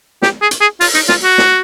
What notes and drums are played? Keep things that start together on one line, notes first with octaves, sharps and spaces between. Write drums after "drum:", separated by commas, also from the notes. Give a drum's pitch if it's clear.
G4, drum: snare
G#4
drum: hi-hat
G#4
F4, drum: open hi-hat
D#4, drum: hi-hat
F4, drum: snare
F#4
drum: snare